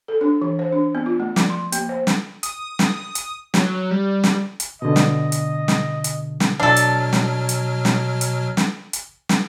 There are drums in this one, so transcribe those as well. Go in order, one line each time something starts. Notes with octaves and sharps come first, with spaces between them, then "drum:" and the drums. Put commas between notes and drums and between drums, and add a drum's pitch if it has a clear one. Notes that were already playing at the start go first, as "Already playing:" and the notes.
A4
D4
E3
C5
D4
B3
F4
A3
F3, drum: snare
C6
A#3, drum: hi-hat
C5
drum: snare
D#6, drum: hi-hat
drum: snare
drum: hi-hat
F#3, drum: snare
G3
drum: snare
drum: hi-hat
B2 D3 D#5
drum: snare
drum: hi-hat
drum: snare
drum: hi-hat
drum: snare
B2 F#3 D4 A4 F6
drum: hi-hat
drum: snare
drum: hi-hat
drum: snare
drum: hi-hat
drum: snare
drum: hi-hat
drum: snare